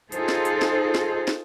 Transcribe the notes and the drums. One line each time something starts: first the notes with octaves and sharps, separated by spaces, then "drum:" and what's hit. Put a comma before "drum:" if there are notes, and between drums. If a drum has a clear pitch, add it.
D#4 F4 G#4 A4 C5, drum: hi-hat
drum: snare
drum: hi-hat
drum: snare
drum: snare
drum: snare